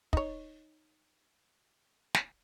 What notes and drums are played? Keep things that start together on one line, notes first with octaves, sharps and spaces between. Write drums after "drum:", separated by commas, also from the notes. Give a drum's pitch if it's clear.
D#4 C#5, drum: kick
drum: snare